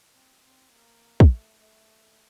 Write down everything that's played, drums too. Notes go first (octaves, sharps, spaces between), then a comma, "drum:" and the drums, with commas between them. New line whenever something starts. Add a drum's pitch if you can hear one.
C4
C4
A#3
drum: kick
A3
A3